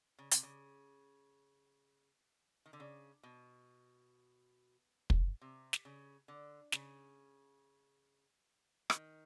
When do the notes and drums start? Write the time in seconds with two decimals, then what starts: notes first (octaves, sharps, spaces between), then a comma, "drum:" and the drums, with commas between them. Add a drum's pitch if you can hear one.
0.19 C#3
0.31 C3, drum: hi-hat
0.43 C#3
2.66 D#3
2.73 D3
2.80 C#3
3.23 B2
5.10 drum: kick
5.41 C3
5.73 drum: snare
5.85 C#3
6.28 D3
6.72 C#3, drum: snare
8.90 D#3, drum: rim click